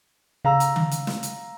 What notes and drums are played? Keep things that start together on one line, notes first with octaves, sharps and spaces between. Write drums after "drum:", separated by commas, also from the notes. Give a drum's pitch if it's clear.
C#3 F5 A#5 E6
drum: hi-hat
drum: tom D3
drum: hi-hat
drum: snare
drum: hi-hat